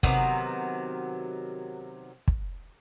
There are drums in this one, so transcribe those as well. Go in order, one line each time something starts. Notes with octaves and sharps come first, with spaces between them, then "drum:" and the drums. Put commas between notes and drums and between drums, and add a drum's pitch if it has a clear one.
C3 D#3 F#3 B3, drum: kick
drum: kick